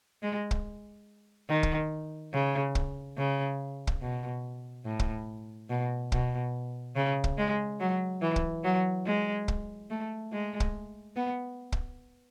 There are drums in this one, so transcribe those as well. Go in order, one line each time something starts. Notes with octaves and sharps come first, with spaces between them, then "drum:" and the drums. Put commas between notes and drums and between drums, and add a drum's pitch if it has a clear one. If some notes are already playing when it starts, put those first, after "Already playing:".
G#3
drum: kick
D#3
drum: kick
C#3
drum: kick
C#3
drum: kick
B2
A2
drum: kick
B2
B2, drum: kick
C#3
drum: kick
G#3
F#3
E3
drum: kick
F#3
G#3
drum: kick
A3
G#3
drum: kick
B3
drum: kick